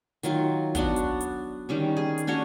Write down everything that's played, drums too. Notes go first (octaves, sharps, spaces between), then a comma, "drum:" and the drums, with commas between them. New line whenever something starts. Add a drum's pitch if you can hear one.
D#3 F#3 F4, drum: hi-hat
B3 D4 F#4, drum: kick, hi-hat
drum: hi-hat
drum: hi-hat
D#3 G3 C#4
G#4
drum: hi-hat
C#4 D4 F#4 C#5